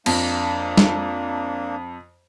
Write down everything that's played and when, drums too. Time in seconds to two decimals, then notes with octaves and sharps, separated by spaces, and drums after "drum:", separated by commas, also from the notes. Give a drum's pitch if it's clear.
0.06 F2 A#3 D4, drum: cymbal
0.78 drum: snare